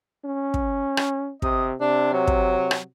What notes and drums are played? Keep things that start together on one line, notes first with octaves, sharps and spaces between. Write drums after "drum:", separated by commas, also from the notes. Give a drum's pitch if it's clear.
C#4
drum: kick
drum: rim click
C3 D#5, drum: kick
C3 D4
F#3
drum: kick
drum: rim click